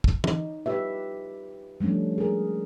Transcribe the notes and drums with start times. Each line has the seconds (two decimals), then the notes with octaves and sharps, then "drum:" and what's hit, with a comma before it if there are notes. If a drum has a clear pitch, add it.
0.04 drum: kick
0.24 D#4, drum: tom
0.66 F4 G4 B4 E5
1.80 F3 G3 A3 C#4 D4
2.18 G#4 A#4